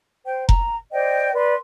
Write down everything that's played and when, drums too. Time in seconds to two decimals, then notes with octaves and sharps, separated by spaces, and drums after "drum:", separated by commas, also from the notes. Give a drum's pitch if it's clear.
0.25 C5 G5
0.49 A#5, drum: kick F1
0.91 C5 D5 D#5 G5
1.33 B4 D5 C6